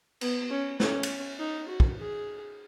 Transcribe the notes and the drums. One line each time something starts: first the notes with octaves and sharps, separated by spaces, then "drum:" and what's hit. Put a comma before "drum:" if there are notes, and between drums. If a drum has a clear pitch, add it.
B3, drum: cymbal
C#4
C#4, drum: snare
drum: cymbal
D#4
F#4
drum: kick
G#4